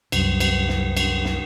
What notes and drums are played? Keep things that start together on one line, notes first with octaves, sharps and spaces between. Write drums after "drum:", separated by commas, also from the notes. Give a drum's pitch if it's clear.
C2 F#2, drum: cymbal
drum: cymbal
drum: snare
drum: cymbal
drum: snare